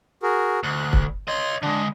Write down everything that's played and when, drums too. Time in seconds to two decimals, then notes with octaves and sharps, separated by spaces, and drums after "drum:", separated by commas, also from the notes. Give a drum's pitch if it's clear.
0.23 F#4 G#4 A#4
0.63 D2 F#6
0.93 drum: kick
1.28 C#5 D#5 C6
1.63 D3 G#3 D4